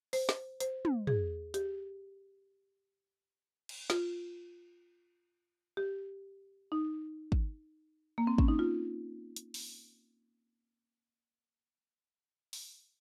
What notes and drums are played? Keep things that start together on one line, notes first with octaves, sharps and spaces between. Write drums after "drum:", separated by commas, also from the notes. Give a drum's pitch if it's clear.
C5, drum: open hi-hat
drum: snare
C5, drum: hi-hat
drum: tom
G#4, drum: tom
G4, drum: hi-hat
drum: cymbal
F4, drum: snare
G4
D#4
drum: kick
A#3
C4
C#4, drum: kick
D#4
F4
drum: hi-hat
drum: open hi-hat
drum: open hi-hat